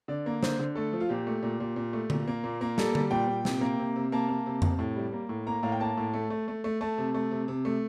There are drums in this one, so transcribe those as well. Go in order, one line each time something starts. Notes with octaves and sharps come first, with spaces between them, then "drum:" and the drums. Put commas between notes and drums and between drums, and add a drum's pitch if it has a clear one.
D3 D5
A#3
D3 C5, drum: snare
D3
A3 A4
F3
F4
A#2 G4
A3
A#2
A#2
A#2
A3
A#2, drum: tom D3
A#3
A#2
A#3
G3 A4, drum: snare
G3, drum: tom D3
A#2 G5
A#2
C3, drum: snare
A#3
C3
C3
A#3 A5
A#3
C3
C3, drum: tom F2
A2
G3
A#3
A2
A#3 A#5
A2 F5
G5
A#3 A5
A2
A3
A3
A3
A3
A3 A5
C3
A3
C3
C3
A3